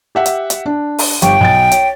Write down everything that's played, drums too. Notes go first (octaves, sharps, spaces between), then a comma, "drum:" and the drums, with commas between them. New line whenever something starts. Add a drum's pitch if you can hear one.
G4 E5 F#5
drum: hi-hat
drum: hi-hat
D4
drum: open hi-hat
G1 G4 G5 C#6, drum: hi-hat
B1 A6
C#5, drum: hi-hat